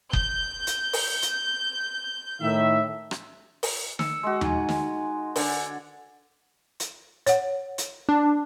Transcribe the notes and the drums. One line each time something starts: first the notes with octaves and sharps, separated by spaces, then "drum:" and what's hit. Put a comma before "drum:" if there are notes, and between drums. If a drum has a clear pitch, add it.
G6, drum: kick F#1
drum: hi-hat
drum: open hi-hat
drum: hi-hat
A2 D#3 E5
drum: rim click
drum: open hi-hat
E6 C#7, drum: snare
G#3 F#4
D#4 G#5, drum: tom D#2
drum: snare
D3 D5 G#5, drum: open hi-hat
drum: hi-hat
C#5 F#5, drum: hi-hat
drum: hi-hat
D4